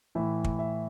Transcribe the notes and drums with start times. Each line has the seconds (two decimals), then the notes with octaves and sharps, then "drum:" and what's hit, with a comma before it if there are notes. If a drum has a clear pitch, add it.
0.15 A2 E3 E5
0.44 drum: kick
0.59 E5